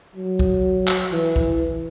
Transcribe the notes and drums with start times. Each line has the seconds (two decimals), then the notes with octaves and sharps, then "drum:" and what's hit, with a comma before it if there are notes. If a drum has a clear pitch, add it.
0.15 F#3
0.39 drum: kick
0.88 drum: clap
1.12 E3
1.36 drum: kick